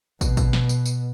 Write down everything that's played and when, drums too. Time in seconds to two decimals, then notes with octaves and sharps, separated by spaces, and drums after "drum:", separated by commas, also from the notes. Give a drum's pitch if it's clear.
0.21 B2, drum: kick, tambourine
0.37 drum: kick, tambourine
0.53 drum: snare
0.69 drum: tambourine
0.85 drum: tambourine